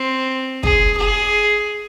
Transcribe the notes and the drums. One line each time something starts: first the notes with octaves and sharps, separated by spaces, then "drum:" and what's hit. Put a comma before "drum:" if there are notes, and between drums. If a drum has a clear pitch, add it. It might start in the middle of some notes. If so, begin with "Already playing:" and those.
Already playing: C4
G#4, drum: kick
G#4